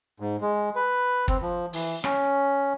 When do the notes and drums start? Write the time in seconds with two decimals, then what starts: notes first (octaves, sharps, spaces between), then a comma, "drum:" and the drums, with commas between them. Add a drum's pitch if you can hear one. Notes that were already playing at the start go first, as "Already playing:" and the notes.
0.20 G#2
0.41 G#3
0.76 B4
1.28 C4, drum: kick
1.42 F3
1.73 E3, drum: open hi-hat
2.04 C#4, drum: rim click